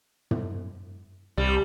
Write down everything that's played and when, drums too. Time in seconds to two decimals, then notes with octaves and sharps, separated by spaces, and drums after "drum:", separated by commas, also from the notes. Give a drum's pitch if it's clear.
0.31 drum: tom
1.37 C2 G3